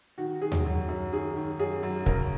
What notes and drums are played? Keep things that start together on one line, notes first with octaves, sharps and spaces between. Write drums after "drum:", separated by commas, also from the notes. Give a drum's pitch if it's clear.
D#3 F#4
D#3 G#4
drum: tom D#2
F#2
F#2
D#3 G#4
D#3
F#2 G#4
F#2
C#3 A#4, drum: kick